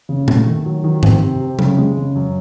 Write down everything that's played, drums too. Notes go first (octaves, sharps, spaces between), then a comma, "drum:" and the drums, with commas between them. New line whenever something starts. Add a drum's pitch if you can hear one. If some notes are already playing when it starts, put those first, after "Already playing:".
C#3
A3, drum: tom A#2
D#3
F#3
D#3
C4, drum: tom G#2
C3
C3
C#3, drum: tom F#3
G#3
C#3
F#2